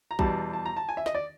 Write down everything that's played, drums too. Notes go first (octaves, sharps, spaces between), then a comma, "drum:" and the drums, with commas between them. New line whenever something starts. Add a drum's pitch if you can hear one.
A#5
E2 B2 G3 A5, drum: kick
A5
A#5
A5
G#5
E5
D#5, drum: snare
D5